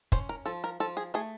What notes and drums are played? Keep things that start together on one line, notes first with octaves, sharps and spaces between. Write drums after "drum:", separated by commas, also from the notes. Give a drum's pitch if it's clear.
C#4 C5, drum: kick
A#4
F3 A4
A#4
F3 A4
G#4
A3 G#4